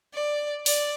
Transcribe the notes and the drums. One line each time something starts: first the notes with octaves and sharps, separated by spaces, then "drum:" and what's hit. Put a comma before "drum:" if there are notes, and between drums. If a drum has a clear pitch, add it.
D5
D5, drum: open hi-hat